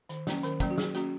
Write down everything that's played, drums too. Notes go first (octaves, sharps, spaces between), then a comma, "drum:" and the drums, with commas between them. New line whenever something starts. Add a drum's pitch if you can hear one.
D#3, drum: hi-hat
F#3 A#3 C#4, drum: snare
D#3 A#4, drum: hi-hat
F#3 A#3 C#4, drum: kick, hi-hat
F#4
F#3 G#4, drum: snare
A#3 C#4 F#4, drum: hi-hat